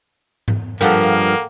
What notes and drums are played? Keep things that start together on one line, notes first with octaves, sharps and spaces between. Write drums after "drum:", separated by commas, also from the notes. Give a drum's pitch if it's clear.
drum: tom G#2
G2 F3 A#3 A4 A#4 F#5 G5, drum: hi-hat